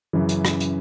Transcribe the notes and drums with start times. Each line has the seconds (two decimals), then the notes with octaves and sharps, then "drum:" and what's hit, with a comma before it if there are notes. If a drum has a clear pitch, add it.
0.13 F#2 C#3 E3
0.29 drum: hi-hat
0.45 drum: rim click
0.60 drum: hi-hat